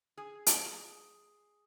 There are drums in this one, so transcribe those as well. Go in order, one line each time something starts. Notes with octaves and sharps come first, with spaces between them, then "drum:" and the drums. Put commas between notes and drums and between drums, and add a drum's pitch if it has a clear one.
G#4
drum: hi-hat